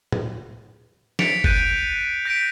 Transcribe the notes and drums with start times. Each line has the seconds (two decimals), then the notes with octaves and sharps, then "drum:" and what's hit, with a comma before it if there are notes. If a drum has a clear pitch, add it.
0.12 drum: tom
1.19 A6 B6 C#7 D7 F7, drum: snare
1.44 F#6 G6 A6 D#7, drum: kick G1
2.25 G6 A#6 B6 D7